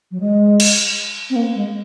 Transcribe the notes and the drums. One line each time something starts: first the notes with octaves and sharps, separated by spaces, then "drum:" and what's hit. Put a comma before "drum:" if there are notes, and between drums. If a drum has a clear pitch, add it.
F#3
G#3
drum: cymbal
C4
A#3
G#3